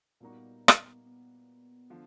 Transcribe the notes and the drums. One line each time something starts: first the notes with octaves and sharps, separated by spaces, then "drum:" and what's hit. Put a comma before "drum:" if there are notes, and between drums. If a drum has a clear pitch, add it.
A#2 G3 A#3 B3 D#4 F#4
drum: rim click
B3
D3 F3